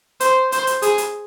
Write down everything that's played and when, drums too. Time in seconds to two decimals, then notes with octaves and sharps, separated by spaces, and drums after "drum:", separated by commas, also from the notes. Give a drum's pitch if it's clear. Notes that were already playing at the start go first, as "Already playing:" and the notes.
0.20 C5, drum: hi-hat
0.52 C5, drum: hi-hat
0.67 drum: hi-hat
0.82 G#4, drum: hi-hat
0.98 drum: hi-hat